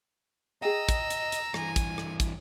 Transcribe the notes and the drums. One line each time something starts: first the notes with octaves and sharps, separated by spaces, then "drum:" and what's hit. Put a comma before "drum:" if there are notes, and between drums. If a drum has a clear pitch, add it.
G#4 D#5 G5 A#5 E6
drum: kick, hi-hat
drum: hi-hat
drum: hi-hat
G2 E3 G#5, drum: rim click
drum: kick, hi-hat
drum: rim click
drum: kick, hi-hat